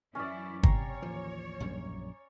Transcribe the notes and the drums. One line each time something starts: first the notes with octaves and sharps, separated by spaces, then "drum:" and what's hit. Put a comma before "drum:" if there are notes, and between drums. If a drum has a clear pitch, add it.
F#2 E3 C#4 E4 D5
C3 C#5 G5 A#5 C7, drum: kick
A1 D#2 F3
A#1 F#2 G3